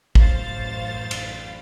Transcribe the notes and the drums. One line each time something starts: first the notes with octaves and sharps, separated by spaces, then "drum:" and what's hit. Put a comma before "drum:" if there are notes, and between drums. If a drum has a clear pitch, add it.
A1 F#2 C5 F5 A6, drum: kick
drum: cymbal